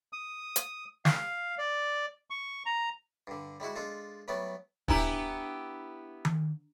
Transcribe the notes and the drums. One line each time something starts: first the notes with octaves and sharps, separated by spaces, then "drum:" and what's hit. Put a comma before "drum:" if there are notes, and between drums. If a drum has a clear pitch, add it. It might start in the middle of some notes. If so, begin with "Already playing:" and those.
D#6
drum: hi-hat
F5, drum: snare
D5
C#6
A#5
G2 D3
G3 G#3 E4 F#4
G#3 D4 F4 A4
F#3 G3 A3 B3 D5
B3 D4 E4 G4 A#5, drum: kick
drum: tom D#3